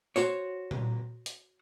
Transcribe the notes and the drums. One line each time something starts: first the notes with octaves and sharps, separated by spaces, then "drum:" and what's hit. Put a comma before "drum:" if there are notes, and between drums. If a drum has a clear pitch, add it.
F#4 C5 C#5, drum: tambourine
drum: tom A#2
drum: hi-hat